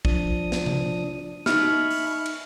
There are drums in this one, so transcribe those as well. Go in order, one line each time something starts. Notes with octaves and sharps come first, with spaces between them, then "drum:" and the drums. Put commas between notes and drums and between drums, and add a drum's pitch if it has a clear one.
F3 D4 D#6, drum: kick A#1
drum: snare
drum: tom C3
D#4 E5 B5 C#6 F6, drum: snare
drum: open hi-hat
drum: cymbal